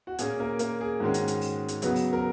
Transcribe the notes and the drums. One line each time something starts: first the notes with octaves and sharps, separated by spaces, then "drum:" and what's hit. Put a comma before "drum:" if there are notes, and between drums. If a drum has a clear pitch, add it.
F#4
A#2 A#3 C#4 G#4, drum: hi-hat
A#3 A#4
A#3 A#4, drum: hi-hat
G#4
G#2 D#3 G#3 C#4 F#4
drum: hi-hat
drum: hi-hat
drum: open hi-hat
drum: hi-hat
C#3 F#3 B3, drum: hi-hat
drum: open hi-hat
A#4